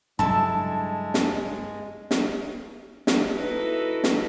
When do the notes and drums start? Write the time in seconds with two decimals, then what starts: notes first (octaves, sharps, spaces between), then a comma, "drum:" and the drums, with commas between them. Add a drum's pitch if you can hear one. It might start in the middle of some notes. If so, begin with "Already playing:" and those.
0.19 G2 C#3 F#3 G#3 E4 A4 A5
1.14 drum: snare
2.11 drum: snare
3.07 drum: snare
3.31 D#4 E4 F#4 A4 B4
4.04 drum: snare